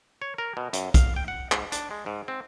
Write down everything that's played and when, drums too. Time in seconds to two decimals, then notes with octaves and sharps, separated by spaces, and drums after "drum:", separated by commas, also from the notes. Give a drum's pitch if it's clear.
0.22 C#5
0.38 A#4
0.57 B2
0.73 F#2, drum: hi-hat
0.94 F5, drum: kick, hi-hat
1.16 G5
1.28 F#5
1.52 G#2, drum: clap
1.72 D4, drum: hi-hat
1.91 G#3
2.06 G#2
2.28 C4